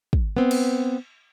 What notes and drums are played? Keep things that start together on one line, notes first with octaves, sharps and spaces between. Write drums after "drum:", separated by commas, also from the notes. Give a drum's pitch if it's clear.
drum: kick
B3 C4
drum: cymbal